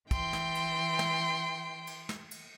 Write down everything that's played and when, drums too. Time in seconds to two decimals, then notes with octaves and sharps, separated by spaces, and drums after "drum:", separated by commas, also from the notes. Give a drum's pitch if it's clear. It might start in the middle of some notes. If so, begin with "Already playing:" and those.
0.11 E3 G5 C6, drum: kick, cymbal
0.33 drum: snare
0.55 drum: cymbal
0.99 drum: snare
1.87 drum: cymbal
2.09 drum: snare
2.31 drum: cymbal